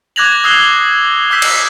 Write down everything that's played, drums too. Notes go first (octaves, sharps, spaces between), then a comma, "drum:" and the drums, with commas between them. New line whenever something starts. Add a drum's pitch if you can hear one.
D6 F#6 G#6 A#6 F7 F#7
D#6 E6 F#6 C7 F7 G7
D6 E6 G6 B6
drum: cymbal